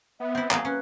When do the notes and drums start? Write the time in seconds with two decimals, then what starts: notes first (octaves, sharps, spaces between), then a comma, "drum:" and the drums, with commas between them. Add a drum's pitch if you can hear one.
0.20 B3 E5
0.35 C4 E4
0.51 F#3 A#3 G#4 A#5, drum: clap
0.65 C#4 B4